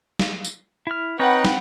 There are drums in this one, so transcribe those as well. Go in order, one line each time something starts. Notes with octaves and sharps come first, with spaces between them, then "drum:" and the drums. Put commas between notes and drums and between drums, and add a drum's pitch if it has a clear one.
drum: snare
drum: tambourine
E4 F6
C4 D#4 B4 C#5 F#5 G5 B5
drum: snare